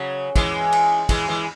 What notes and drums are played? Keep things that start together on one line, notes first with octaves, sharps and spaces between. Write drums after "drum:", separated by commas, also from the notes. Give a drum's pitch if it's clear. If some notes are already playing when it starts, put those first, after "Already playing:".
Already playing: C#3 F#3
E3 G#3, drum: kick, cymbal
drum: cymbal
E3 G#3, drum: kick, cymbal
E3 G#3